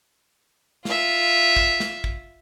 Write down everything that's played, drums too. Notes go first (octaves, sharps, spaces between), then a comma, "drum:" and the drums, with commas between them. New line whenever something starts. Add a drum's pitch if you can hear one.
F4 E5, drum: snare
drum: kick
drum: snare
drum: kick